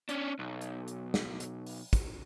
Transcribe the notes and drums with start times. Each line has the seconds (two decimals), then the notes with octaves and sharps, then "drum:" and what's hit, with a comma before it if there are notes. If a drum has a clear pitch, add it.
0.09 C#4 D4, drum: hi-hat
0.39 B1
0.61 drum: hi-hat
0.88 drum: hi-hat
1.14 drum: snare
1.40 drum: hi-hat
1.67 drum: open hi-hat
1.93 drum: kick, hi-hat